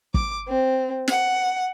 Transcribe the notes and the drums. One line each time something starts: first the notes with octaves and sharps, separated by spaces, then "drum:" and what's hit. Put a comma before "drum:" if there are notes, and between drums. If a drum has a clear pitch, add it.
D6, drum: kick
C4
F#5, drum: snare